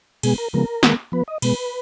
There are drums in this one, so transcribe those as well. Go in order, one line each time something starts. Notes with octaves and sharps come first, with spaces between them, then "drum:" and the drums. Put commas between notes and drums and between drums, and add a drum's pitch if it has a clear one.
B2 G#3 B3 G#4, drum: cymbal
A#4
C#3 F3 G#3 B3 A#4
D#3 G#3 B3, drum: snare
F3 B3 B4
D#5
B2 G#3 B3 B4, drum: cymbal